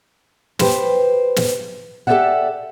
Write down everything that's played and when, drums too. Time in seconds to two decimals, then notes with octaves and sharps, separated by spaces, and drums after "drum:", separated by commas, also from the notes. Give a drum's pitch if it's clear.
0.59 G4 B4 C5, drum: snare
1.36 drum: snare
2.07 G4 A4 C#5 D5 E5 F#5